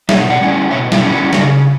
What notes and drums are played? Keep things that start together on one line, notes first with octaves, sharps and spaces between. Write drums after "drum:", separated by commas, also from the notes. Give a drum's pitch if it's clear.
B2 C#5 E5, drum: snare
D5 F#5
G3 C#4 E4
B2 C#5 E5
E4 G4, drum: snare
G3 C#4 E4
F#4
C#3 F#4, drum: snare